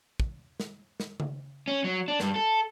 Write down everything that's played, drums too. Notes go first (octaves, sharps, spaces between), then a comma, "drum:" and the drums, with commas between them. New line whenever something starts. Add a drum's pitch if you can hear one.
drum: kick
drum: snare
drum: snare
drum: tom C#3
C#4
F#3
D4
G2, drum: snare
A4